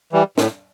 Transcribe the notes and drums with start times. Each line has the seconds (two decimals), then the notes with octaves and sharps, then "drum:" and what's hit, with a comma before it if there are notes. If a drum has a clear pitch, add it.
0.12 E3 G3
0.38 A2, drum: snare